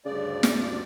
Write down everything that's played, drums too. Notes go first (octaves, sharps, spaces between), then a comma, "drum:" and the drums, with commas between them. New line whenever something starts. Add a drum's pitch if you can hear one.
D2 G2 C#3 D5
drum: snare